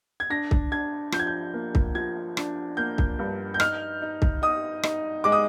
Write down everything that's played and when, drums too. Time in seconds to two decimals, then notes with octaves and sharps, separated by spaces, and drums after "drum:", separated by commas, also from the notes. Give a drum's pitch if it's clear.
0.20 G#6
0.30 D4 A#6
0.51 drum: kick C2
0.72 D4 G#6
1.12 F3 G6, drum: rim click
1.19 G#6
1.27 G6
1.54 A#3
1.75 drum: kick C2
1.95 F3 G#6
2.37 D4, drum: rim click
2.77 A#3 G6
2.98 drum: kick C2
3.19 G2
3.54 G6
3.60 D#4 F6, drum: rim click
4.02 D#4
4.22 drum: kick C2
4.42 D#4 D#6
4.83 D#4, drum: rim click
5.24 G#3 D6
5.32 D#6